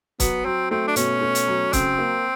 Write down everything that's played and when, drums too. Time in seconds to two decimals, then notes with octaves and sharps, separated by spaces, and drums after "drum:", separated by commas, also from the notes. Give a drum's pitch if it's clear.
0.20 F#3 B3, drum: kick C#1, hi-hat
0.45 F#3 C4
0.71 A3 C4
0.88 D4
0.96 B2 C#4, drum: hi-hat
1.21 A3
1.35 drum: hi-hat
1.47 F#3
1.73 C#3 C4, drum: kick C#1, hi-hat
1.99 A#3